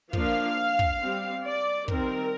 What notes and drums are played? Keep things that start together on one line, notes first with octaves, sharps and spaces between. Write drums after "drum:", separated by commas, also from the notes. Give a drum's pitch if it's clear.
F3 A#3 D4 F5, drum: kick
drum: kick
G3 C4
D5
D#3 G3 C4 A#4, drum: kick